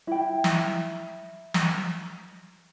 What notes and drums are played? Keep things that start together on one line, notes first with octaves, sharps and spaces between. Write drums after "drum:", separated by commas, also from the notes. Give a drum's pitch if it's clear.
E4 G5
drum: snare
drum: snare